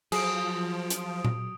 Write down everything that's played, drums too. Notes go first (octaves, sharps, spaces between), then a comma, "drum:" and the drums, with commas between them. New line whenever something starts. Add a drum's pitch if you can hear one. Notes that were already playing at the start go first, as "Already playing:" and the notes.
F3 F#3 G#4 D#6 D7, drum: cymbal
drum: hi-hat
drum: tom A#2